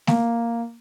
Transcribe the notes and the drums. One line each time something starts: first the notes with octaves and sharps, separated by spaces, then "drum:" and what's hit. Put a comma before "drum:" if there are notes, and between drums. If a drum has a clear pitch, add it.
A#3, drum: snare